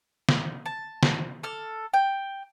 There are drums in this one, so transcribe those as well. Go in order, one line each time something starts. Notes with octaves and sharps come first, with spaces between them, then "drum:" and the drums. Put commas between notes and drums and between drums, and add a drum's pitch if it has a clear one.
drum: snare
A5
drum: snare
A4 F6
G5